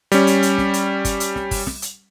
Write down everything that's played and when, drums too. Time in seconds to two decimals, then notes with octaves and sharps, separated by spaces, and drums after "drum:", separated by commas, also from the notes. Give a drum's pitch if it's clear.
0.12 G3 C#4, drum: hi-hat
0.27 drum: hi-hat
0.43 drum: hi-hat
0.58 drum: snare
0.74 drum: hi-hat
1.05 drum: kick G1, hi-hat
1.20 drum: hi-hat
1.36 drum: snare
1.51 drum: kick G1, open hi-hat
1.67 drum: snare
1.82 drum: hi-hat